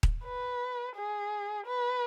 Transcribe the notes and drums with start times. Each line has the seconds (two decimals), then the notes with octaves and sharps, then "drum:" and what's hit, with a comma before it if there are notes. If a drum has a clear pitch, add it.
0.03 drum: kick D#1
0.25 B4
0.96 G#4
1.66 B4